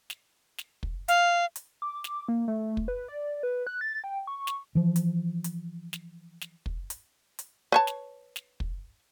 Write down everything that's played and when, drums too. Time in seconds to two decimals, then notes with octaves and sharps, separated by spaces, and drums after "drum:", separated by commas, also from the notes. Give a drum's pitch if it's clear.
0.10 drum: snare
0.58 drum: snare
0.83 drum: kick
1.08 F5, drum: hi-hat
1.56 drum: hi-hat
1.82 D6
2.04 drum: snare
2.28 A#3
2.48 A3
2.77 drum: kick
2.88 B4
3.08 D5
3.43 B4
3.67 F#6
3.81 A6
4.04 G5
4.27 C#6
4.47 drum: snare
4.75 E3 F3
4.96 drum: hi-hat
5.44 drum: hi-hat
5.93 drum: snare
6.41 drum: snare
6.66 drum: kick
6.90 drum: hi-hat
7.39 drum: hi-hat
7.72 B4 C#5 A5
7.87 drum: snare
8.36 drum: snare
8.60 drum: kick